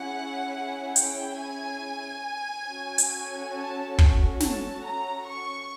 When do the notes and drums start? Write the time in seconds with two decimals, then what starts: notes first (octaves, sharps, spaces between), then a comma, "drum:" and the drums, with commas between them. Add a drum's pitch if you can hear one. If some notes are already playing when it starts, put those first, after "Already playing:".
Already playing: C#4 E4 G#4 F#5
0.96 G5, drum: hi-hat
1.38 G#5
2.68 C#4 F#4 A4
2.98 drum: hi-hat
3.54 A5
3.98 drum: kick
4.40 A5, drum: snare
4.84 A#5
5.26 C#6